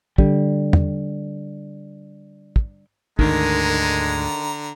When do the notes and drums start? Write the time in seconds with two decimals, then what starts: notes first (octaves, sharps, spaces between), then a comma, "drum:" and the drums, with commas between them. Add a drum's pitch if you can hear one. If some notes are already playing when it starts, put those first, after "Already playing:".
0.18 D3 G3, drum: kick
0.73 drum: tom
2.56 drum: kick
3.19 D2 G#2 D3 D#3 G#3 A#5, drum: kick